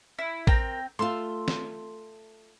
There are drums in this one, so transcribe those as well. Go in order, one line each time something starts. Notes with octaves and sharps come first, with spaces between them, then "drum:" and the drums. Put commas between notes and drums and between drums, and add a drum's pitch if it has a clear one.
E4
C4 A#4 G5 A#5, drum: kick
A3 F4 C6 E6
drum: snare